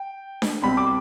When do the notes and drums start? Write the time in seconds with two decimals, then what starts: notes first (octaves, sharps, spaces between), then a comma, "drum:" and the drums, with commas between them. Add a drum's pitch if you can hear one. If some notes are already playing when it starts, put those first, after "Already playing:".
Already playing: G5
0.42 drum: snare D4
0.62 C2 B2 G3 C4 B5
0.77 D6